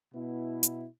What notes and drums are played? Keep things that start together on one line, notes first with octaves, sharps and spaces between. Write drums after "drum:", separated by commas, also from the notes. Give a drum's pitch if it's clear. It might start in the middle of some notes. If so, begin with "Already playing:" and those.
B2 B3 E4
drum: hi-hat